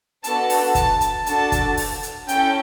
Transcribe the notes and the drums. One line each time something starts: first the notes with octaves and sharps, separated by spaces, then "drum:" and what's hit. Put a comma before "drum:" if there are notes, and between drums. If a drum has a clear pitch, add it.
B3 D4 F#4 A4 A5, drum: hi-hat
drum: open hi-hat
A5, drum: kick, hi-hat
drum: hi-hat
D4 F#4 A4 A5, drum: hi-hat
drum: kick, hi-hat
drum: open hi-hat
drum: hi-hat
C#4 E4 A4 G5, drum: hi-hat